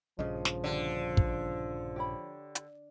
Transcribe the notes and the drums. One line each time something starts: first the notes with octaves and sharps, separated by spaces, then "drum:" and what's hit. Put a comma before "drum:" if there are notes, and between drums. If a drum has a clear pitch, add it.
A#1 G2 C#3 F3 D#5
drum: snare
D3 D4 G4 D5
drum: kick
G4 C#5 B5
drum: hi-hat